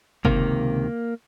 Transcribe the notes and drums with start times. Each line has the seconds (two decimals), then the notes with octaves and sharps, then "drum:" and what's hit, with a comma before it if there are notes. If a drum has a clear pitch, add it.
0.25 C#2 C3 D#3 A#3, drum: kick